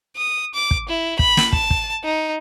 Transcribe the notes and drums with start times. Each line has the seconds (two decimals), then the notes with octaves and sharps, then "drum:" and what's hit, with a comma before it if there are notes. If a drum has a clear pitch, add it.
0.17 D#6
0.54 D6
0.71 drum: kick
0.89 E4
1.19 B5, drum: kick
1.37 drum: snare
1.53 A5, drum: kick
1.70 drum: kick
2.04 D#4